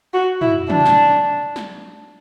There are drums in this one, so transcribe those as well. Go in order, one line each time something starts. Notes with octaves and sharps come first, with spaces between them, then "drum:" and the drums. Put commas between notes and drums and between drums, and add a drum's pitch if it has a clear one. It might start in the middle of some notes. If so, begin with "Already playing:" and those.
F#4
E4, drum: tom
D4, drum: tom
drum: snare
drum: snare